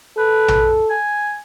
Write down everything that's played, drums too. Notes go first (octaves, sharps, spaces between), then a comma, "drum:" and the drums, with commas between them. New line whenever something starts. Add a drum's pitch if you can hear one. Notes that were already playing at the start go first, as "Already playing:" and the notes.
A4 B4
drum: tom A#1
G#5